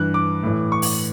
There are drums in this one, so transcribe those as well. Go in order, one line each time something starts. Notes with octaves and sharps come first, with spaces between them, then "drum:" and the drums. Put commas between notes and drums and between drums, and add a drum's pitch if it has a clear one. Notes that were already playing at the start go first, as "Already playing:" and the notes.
Already playing: G2 E3 F#6
D6
A2 E3
C#6
drum: open hi-hat